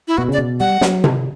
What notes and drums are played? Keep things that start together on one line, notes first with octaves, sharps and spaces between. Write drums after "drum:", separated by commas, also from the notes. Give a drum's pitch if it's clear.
E4
B2 F#4
C#3 D5
B2
G3 F#5
F#3, drum: snare
drum: tom C3